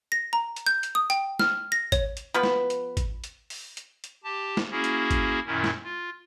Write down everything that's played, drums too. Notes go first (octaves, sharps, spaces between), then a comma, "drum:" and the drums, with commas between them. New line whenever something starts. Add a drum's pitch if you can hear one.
A#6
A#5
drum: hi-hat
G6
drum: hi-hat
D#6
G5, drum: hi-hat
F6, drum: snare
A#6
C#5, drum: kick G#1, hi-hat
drum: hi-hat
F3 B3 B4
drum: snare
drum: hi-hat
drum: kick G#1, hi-hat
drum: hi-hat
drum: open hi-hat
drum: hi-hat
drum: hi-hat
G4 A5
drum: snare
A#3 C#4 E4 F#4 G#4
drum: hi-hat
drum: kick G#1, hi-hat
F#2 A#2 D#3 C#4 E4
drum: snare
F4